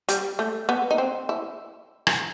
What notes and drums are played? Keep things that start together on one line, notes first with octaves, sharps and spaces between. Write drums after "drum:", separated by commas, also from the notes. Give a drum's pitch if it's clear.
G3, drum: hi-hat
A3
B3
D#4
C4
E4
drum: rim click